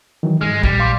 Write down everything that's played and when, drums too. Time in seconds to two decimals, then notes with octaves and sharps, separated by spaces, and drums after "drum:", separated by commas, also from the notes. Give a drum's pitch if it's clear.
0.23 D#3 E3 F#3
0.41 G#2 G#3 F6
0.63 E2 A#2 G3, drum: kick
0.80 F5 C6 D6